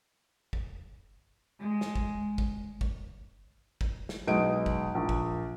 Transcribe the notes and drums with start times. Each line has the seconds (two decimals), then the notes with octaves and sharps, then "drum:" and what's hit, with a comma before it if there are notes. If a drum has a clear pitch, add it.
0.53 drum: kick
1.60 G#3
1.81 drum: snare
1.95 drum: kick
2.38 drum: kick
2.81 drum: kick
3.81 drum: kick
4.09 drum: snare
4.27 B1 G#3 D#5 D7
4.66 drum: kick
4.95 A#1
5.09 drum: kick